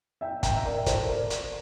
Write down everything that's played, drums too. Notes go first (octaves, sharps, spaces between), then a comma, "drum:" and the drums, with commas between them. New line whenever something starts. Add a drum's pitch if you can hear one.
E5 G5
G5 A#5, drum: kick, hi-hat
E5
A#4 D5
A4 C5, drum: kick, hi-hat
A#4 D5
drum: hi-hat